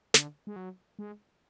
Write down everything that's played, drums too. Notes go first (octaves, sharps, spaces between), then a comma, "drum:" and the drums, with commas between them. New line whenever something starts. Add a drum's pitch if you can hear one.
D3, drum: snare
G#3
F#3
G#3